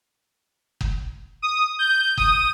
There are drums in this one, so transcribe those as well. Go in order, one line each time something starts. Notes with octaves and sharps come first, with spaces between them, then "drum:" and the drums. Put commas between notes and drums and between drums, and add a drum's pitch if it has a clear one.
drum: kick F#1
D#6
G6
D#6, drum: kick F#1